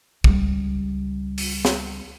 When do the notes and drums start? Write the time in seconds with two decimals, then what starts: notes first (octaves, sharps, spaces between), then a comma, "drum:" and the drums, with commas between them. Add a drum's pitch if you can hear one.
0.24 C#2 G3, drum: kick
1.38 drum: open hi-hat
1.65 drum: snare